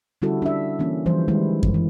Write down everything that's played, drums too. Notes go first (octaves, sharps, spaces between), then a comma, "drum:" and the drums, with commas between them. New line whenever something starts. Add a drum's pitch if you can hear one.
D3 G3 C#4 E4 F#4 A4
D4 E5
E3 A#3 C#4
E3 F3 G3 C5
D#3 G3 G#3 E4
drum: kick F#2
E3